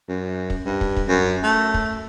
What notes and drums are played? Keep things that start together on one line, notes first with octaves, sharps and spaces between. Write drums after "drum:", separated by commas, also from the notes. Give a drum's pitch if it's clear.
F#2
drum: kick
G2
drum: kick
drum: kick
F#2
A3
drum: kick